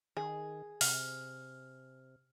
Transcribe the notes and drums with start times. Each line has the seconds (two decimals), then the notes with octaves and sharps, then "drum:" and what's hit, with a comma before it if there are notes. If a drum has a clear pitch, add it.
0.17 D#3 G#4
0.81 C3 F6, drum: open hi-hat